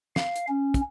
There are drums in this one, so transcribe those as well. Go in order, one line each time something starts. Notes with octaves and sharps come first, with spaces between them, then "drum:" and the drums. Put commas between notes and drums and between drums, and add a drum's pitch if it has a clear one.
F5, drum: snare
drum: hi-hat
C#4
drum: kick, hi-hat